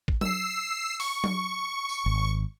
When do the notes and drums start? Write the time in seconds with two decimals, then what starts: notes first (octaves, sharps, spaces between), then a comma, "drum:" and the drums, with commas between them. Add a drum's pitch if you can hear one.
0.08 drum: kick
0.21 E6 C7, drum: tom F#3
1.00 C#6, drum: open hi-hat
1.24 drum: tom F#3
1.89 drum: tambourine
2.06 G#1